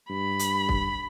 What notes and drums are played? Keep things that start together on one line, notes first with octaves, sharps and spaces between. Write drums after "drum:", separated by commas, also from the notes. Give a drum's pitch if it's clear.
G2 B5
drum: hi-hat
drum: kick